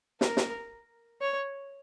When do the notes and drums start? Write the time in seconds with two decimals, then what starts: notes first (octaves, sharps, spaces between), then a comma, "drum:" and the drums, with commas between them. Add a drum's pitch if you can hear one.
0.21 A#4, drum: snare
0.37 drum: snare
1.21 C#5